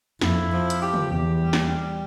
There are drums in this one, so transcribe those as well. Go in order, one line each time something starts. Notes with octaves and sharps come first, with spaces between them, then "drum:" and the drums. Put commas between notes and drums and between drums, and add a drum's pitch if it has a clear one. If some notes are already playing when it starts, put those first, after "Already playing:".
F2 E4, drum: snare
F3
drum: hi-hat
G4
drum: tom
E2 G4
G3
drum: snare
G3